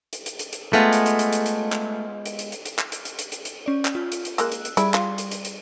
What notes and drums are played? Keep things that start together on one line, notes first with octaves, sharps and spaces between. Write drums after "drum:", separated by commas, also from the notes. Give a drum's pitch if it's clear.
drum: hi-hat
drum: hi-hat
drum: hi-hat
drum: hi-hat
G#3 A3 B3 F4
drum: hi-hat
drum: hi-hat
drum: hi-hat
drum: hi-hat
drum: hi-hat
drum: clap
drum: hi-hat
drum: hi-hat
drum: hi-hat
drum: hi-hat
drum: clap
drum: hi-hat
drum: hi-hat
drum: hi-hat
drum: hi-hat
drum: hi-hat
C#4 D5
drum: clap
F4
drum: hi-hat
drum: hi-hat
G#3 A#3 E6 F#6, drum: hi-hat
drum: hi-hat
drum: hi-hat
G3 E4 G#4 D5, drum: hi-hat
F4, drum: clap
drum: hi-hat
drum: hi-hat
drum: hi-hat